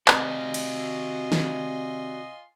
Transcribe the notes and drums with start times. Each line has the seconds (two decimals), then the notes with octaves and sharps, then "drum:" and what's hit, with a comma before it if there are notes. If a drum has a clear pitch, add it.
0.08 C3 F4 F#4 D5 D#5 G#5 C6, drum: clap
0.54 drum: cymbal
1.32 drum: snare